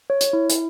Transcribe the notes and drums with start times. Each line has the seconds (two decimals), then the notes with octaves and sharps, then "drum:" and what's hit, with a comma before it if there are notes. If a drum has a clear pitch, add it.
0.10 C#5
0.21 drum: hi-hat
0.33 E4
0.50 drum: hi-hat